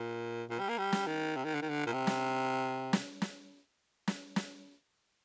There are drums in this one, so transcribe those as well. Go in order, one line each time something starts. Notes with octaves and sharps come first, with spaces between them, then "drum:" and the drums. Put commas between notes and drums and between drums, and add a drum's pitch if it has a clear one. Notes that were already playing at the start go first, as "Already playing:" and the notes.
Already playing: A#2
A#2
G3
A#3
G3
drum: snare
D#3
C3
D#3
D3
D#3
D3
A#2
C3
drum: snare
drum: snare
drum: snare
drum: snare
drum: snare